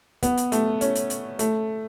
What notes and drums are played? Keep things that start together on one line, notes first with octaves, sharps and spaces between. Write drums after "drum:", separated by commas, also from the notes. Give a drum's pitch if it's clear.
B3, drum: kick, hi-hat
drum: hi-hat
A3, drum: hi-hat
C#4, drum: hi-hat
drum: hi-hat
drum: hi-hat
A3, drum: hi-hat